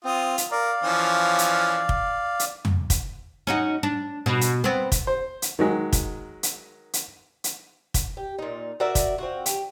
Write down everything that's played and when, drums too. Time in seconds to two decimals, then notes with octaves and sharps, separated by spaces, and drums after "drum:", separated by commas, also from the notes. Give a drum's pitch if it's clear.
0.04 C4 F4 D#6
0.38 drum: hi-hat
0.51 A#4 D5 F5
0.83 E3 F3 C#4
1.39 drum: hi-hat
1.89 drum: kick
2.39 drum: hi-hat
2.65 drum: tom
2.90 drum: kick, hi-hat
3.47 C#4 D#4 F#4
3.83 D4
4.26 B2
4.41 drum: hi-hat
4.64 B3 C4
4.92 drum: kick, hi-hat
5.07 C5
5.42 drum: hi-hat
5.59 D#3 F#3 G#3
5.93 drum: kick, hi-hat
6.43 drum: hi-hat
6.93 drum: hi-hat
7.44 drum: hi-hat
7.94 drum: kick, hi-hat
8.17 G4
8.38 A#2 D#4
8.80 F#4 A#4 D5 E5
8.95 drum: kick, hi-hat
9.18 C4 F4 F#4
9.46 G4, drum: hi-hat